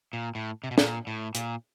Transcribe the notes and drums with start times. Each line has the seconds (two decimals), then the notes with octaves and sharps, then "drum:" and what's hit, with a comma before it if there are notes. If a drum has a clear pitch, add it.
0.13 A#2
0.35 A2
0.64 C3
0.71 B2
0.78 A#2, drum: snare
1.07 A2
1.35 A#2, drum: hi-hat